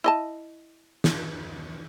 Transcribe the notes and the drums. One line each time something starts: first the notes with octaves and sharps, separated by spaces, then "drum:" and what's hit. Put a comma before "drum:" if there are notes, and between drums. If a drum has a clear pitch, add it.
E4 D#5 A5
drum: snare